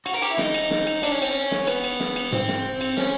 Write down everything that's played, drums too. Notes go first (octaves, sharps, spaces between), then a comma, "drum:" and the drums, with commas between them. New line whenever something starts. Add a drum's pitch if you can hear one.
F#4, drum: cymbal
A#4
G4, drum: cymbal
E4
D#4, drum: snare
drum: cymbal
drum: snare
drum: cymbal
D4, drum: cymbal
C#4
C4, drum: cymbal
C#4
drum: snare
B3, drum: cymbal
drum: cymbal
drum: snare
drum: cymbal
C4, drum: tom G#2
drum: snare
drum: cymbal
C#4, drum: snare